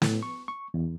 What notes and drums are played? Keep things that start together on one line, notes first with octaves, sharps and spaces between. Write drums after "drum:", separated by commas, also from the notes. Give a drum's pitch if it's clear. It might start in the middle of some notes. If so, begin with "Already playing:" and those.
A2, drum: snare
C#6
C#6
E2